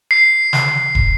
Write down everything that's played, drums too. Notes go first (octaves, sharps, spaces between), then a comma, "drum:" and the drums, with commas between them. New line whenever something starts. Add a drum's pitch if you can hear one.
C7
drum: snare
drum: kick